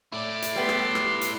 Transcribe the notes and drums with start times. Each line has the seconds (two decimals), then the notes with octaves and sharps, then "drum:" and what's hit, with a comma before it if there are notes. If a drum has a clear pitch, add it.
0.12 A2 E4 D5
0.42 drum: hi-hat
0.56 G3 B3 C6
0.69 drum: rim click
0.95 drum: rim click
1.21 drum: hi-hat